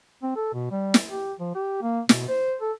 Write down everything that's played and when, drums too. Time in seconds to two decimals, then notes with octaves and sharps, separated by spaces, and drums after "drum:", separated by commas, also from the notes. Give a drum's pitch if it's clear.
0.22 C4
0.36 A4
0.53 B2
0.71 G3
0.94 drum: snare
1.09 G4
1.40 F3
1.55 G4
1.82 A#3
2.09 B2, drum: snare
2.28 C5
2.61 A4